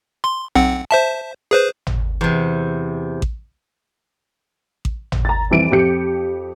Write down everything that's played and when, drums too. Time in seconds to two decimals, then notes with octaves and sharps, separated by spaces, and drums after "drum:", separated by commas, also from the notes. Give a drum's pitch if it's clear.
0.24 C6
0.55 B1 C4 F#5
0.91 C5 E5 A5
1.51 G#4 B4 C5
1.87 drum: tom G#1
2.21 E2 C3
3.22 drum: kick A1
4.85 drum: kick A1
5.12 drum: tom G#1
5.25 A#5 A6
5.50 C2 F2 E3 E5 D7 D#7
5.71 F2 G4 G6 C#7